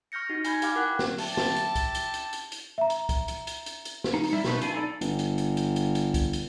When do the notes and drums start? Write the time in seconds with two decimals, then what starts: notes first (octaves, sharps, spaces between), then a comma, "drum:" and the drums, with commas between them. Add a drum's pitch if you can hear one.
0.12 C#6 F6 G6 A#6 C#7
0.29 D#4 F#4
0.45 G#5 B5 G6 G#6, drum: hi-hat
0.62 G4 F5 G5 D6 F6, drum: hi-hat
0.75 E4 A#4 F#5 F#6
0.99 drum: snare
1.18 G4 E5 A5, drum: open hi-hat
1.37 drum: snare
1.56 drum: hi-hat
1.75 drum: kick C2, hi-hat
1.95 drum: hi-hat
2.14 drum: hi-hat
2.33 drum: hi-hat
2.52 drum: hi-hat
2.78 E5 A#5
2.90 drum: hi-hat
3.09 drum: kick C2, hi-hat
3.28 drum: hi-hat
3.47 drum: hi-hat
3.66 drum: hi-hat
3.85 drum: hi-hat
4.04 drum: snare
4.14 D#4
4.23 drum: open hi-hat
4.33 G3 E4 E5
4.44 B2 A3 D#4 B4, drum: snare
4.62 D4 E4 F4 G#5, drum: hi-hat
4.74 D#4 A4 D5
5.01 G1, drum: hi-hat
5.19 drum: hi-hat
5.38 drum: hi-hat
5.57 drum: hi-hat
5.76 drum: hi-hat
5.95 drum: hi-hat
6.14 drum: kick C2, hi-hat
6.33 drum: hi-hat